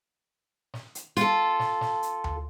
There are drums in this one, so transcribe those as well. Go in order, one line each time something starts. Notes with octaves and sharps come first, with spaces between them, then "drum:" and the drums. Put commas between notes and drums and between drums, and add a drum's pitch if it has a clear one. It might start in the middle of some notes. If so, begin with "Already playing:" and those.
drum: snare
drum: hi-hat
F4 A4, drum: hi-hat
drum: snare
drum: snare
drum: hi-hat
drum: tom D2